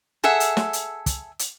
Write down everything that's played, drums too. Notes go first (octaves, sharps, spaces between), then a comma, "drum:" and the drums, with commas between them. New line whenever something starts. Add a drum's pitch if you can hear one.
G#4 A4 E5 F#5
drum: hi-hat
drum: snare
drum: hi-hat
drum: kick, hi-hat
drum: hi-hat